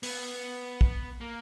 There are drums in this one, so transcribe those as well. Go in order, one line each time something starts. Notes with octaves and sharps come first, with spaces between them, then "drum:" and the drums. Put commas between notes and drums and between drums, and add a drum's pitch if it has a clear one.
B3, drum: open hi-hat
drum: kick
A#3